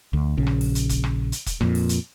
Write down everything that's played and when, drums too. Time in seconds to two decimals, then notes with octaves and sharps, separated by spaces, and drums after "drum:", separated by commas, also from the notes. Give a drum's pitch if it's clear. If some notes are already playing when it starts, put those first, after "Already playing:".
0.13 D2
0.38 A#1 C#3
0.47 drum: rim click
0.61 drum: open hi-hat
0.75 drum: hi-hat
0.89 drum: kick, hi-hat
1.04 drum: rim click
1.32 drum: hi-hat
1.46 drum: kick, hi-hat
1.61 F2 A#2, drum: rim click
1.75 drum: open hi-hat
1.89 drum: hi-hat